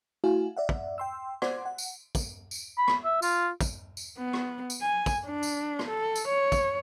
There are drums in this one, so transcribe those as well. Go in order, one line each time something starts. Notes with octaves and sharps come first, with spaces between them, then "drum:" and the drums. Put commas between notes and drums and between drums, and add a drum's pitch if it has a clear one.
A3 E4 F#4 F5 G#5
D5 E5 F#5
drum: kick
G5 C6 E6
C5 D5 F#5 C6 D6 G#6, drum: rim click
F#5
drum: tambourine
drum: kick, tambourine
drum: tambourine
B5
drum: rim click
E5
F4, drum: tambourine
drum: kick, tambourine
drum: tambourine
B3
drum: rim click
drum: tambourine
G#5
drum: kick, tambourine
D4
drum: tambourine
drum: rim click
A4
drum: tambourine
C#5
drum: kick, tambourine